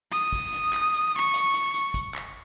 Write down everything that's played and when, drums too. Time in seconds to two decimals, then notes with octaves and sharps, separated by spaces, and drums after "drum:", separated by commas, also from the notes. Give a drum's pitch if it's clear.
0.12 D#6, drum: hi-hat
0.32 drum: kick, open hi-hat
0.53 drum: hi-hat
0.73 drum: clap
0.93 drum: hi-hat
1.18 C#6
1.34 drum: hi-hat
1.54 drum: hi-hat
1.74 drum: hi-hat
1.94 drum: kick, hi-hat
2.14 drum: clap